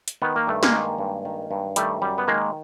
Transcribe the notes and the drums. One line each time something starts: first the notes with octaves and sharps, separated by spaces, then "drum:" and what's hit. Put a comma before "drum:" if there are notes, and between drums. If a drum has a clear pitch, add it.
drum: hi-hat
D#3 B3
A#3
G2 A3
G#3 A#3, drum: snare
D#3
G2
D#3
G2
D#3 G3 A3, drum: hi-hat
F#2 G3
B3
D#3 G#3 A#3